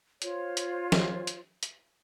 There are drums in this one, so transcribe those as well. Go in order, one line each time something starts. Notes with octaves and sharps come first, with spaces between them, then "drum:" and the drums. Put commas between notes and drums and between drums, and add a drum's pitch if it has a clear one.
F4 C5 C#5, drum: hi-hat
drum: hi-hat
drum: snare
drum: hi-hat
drum: hi-hat